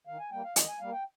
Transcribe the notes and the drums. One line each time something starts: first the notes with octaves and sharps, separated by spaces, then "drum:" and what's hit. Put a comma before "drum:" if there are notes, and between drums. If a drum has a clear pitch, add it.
D#3 F5
G#5
G3 A#3 G5
F5
D#3 D#5, drum: hi-hat
G#5
G3 A#3 F5
G5